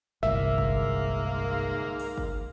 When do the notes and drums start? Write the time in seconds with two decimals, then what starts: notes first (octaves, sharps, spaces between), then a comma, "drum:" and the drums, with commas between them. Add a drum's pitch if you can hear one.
0.23 G1 C2 G#2 A#3 E5, drum: snare
0.58 drum: kick G1
2.00 drum: cymbal
2.18 drum: kick G1